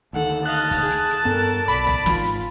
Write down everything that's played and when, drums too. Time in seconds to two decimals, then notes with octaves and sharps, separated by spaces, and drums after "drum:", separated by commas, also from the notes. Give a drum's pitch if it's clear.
0.13 D2 D#3 A4 F#5
0.46 D#5 F5 A5 F#6
0.71 drum: kick, open hi-hat
0.81 G#4
0.90 drum: hi-hat
1.10 drum: hi-hat
1.25 G2 B3 A4 A#4
1.68 B1 D5 B5, drum: hi-hat
1.87 drum: tom
2.06 G#1 G#2 F4, drum: snare
2.25 drum: hi-hat